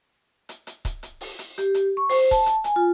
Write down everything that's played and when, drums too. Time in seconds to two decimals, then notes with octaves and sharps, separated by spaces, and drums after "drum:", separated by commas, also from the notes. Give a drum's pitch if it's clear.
0.49 drum: hi-hat
0.67 drum: hi-hat
0.85 drum: kick C#1, hi-hat
1.03 drum: hi-hat
1.21 drum: open hi-hat
1.39 drum: hi-hat
1.58 G4, drum: hi-hat
1.74 drum: hi-hat
1.97 C#6
2.10 C5, drum: open hi-hat
2.31 A5, drum: kick C#1, hi-hat
2.46 drum: hi-hat
2.64 G#5, drum: hi-hat
2.76 F4